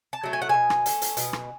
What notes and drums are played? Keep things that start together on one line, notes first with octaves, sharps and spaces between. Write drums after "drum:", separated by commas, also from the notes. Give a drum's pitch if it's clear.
A5
F#3 A3
G#5
F#5
B2 G#5
drum: rim click
A3, drum: hi-hat
drum: hi-hat
B2, drum: hi-hat
drum: rim click